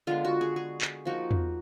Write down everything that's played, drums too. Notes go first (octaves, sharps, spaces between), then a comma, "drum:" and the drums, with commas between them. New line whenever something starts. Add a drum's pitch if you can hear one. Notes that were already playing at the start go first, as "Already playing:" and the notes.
D3 G#3 B3 F4
F#4
G#4
G#4
drum: clap
F3 A#3 D#4 F#4
drum: tom E2